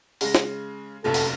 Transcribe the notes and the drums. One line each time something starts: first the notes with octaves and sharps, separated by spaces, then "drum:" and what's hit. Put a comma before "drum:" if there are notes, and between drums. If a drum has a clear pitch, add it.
C#3 G#3 A#6, drum: open hi-hat
drum: snare
F1 A#1 F#2 A4
drum: open hi-hat